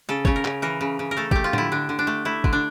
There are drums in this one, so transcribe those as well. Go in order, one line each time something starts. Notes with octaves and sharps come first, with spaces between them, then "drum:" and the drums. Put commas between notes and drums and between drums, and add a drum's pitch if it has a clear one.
C#3 A4
C#3 C#5, drum: kick
A#4
C#3, drum: clap
E3 A#4
C#3
C#3
A#4
A3 A4
A3 G4, drum: kick
F4
D3 E4, drum: tom
D3 D4
D3
D4
A3
A3 E4
D3, drum: kick
D4